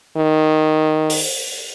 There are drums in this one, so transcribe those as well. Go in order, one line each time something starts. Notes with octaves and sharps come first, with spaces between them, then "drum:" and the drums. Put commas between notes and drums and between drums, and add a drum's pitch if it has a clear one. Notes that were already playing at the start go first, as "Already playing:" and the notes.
D#3
drum: open hi-hat